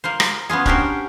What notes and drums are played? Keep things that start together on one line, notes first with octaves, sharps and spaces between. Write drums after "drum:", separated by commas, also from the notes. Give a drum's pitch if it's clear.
A#3 F4 C5
drum: rim click
B3 C#4 F4 G#4
C#4 D4 F#4 G4 A#4 C5, drum: kick D1